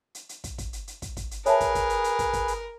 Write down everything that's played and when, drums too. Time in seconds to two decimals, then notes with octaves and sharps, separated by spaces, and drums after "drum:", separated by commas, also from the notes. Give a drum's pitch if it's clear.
0.15 drum: hi-hat
0.29 drum: hi-hat
0.44 drum: kick, hi-hat
0.58 drum: kick, hi-hat
0.73 drum: hi-hat
0.87 drum: hi-hat
1.02 drum: kick, hi-hat
1.17 drum: kick, hi-hat
1.31 drum: hi-hat
1.46 G#4 A#4 B4 C#5 E5 A5, drum: hi-hat
1.60 drum: kick, hi-hat
1.75 drum: kick, hi-hat
1.90 drum: hi-hat
2.04 drum: hi-hat
2.19 drum: kick, hi-hat
2.33 drum: kick, hi-hat
2.48 drum: hi-hat